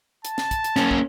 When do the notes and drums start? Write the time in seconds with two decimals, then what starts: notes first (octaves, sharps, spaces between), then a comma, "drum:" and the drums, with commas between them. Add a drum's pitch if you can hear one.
0.25 A5, drum: hi-hat
0.38 drum: snare
0.51 drum: kick, hi-hat
0.64 drum: hi-hat
0.76 A#3 C#4, drum: snare
0.91 drum: kick